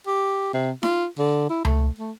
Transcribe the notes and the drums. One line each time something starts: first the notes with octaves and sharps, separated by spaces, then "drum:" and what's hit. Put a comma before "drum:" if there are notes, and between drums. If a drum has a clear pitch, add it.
G4
C3
F4, drum: snare D#4
D3
E4
A3, drum: tom C#2
A3